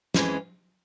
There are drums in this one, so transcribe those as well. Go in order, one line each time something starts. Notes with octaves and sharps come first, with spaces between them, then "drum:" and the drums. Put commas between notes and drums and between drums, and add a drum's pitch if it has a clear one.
F2 E3 G#3 C#4, drum: snare